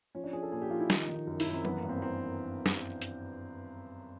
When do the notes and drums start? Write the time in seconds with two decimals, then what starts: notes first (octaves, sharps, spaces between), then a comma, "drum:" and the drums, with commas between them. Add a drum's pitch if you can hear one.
0.15 F3 C#4
0.24 D4
0.33 F3 G#4
0.43 A4
0.52 A#2 G#4
0.62 G4
0.70 F3 F4
0.80 E4
0.90 D#3 D#4, drum: snare
1.03 D#4
1.09 D#3
1.14 D#4
1.27 F#2
1.40 E4, drum: open hi-hat
1.46 F#2
1.52 C4
1.65 E3 B3, drum: tom F#3
1.77 A#3
1.83 G2
1.89 C4
2.02 E3 C4
2.66 drum: snare
3.02 drum: hi-hat